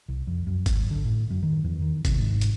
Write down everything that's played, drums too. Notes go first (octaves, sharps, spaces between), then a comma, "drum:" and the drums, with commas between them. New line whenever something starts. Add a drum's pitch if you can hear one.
C2
F2
F#2
G#1, drum: kick G1, hi-hat
D3
A2
F#2
D#3
E2
D#3
C3, drum: kick G1, hi-hat
G#2
drum: hi-hat